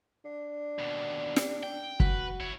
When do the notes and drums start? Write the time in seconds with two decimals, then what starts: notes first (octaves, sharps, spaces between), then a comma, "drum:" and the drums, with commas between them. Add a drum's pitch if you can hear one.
0.25 D4
0.79 D#2 B2
1.36 drum: snare
1.63 G5
2.00 F#4 B4, drum: kick
2.40 E4 C#5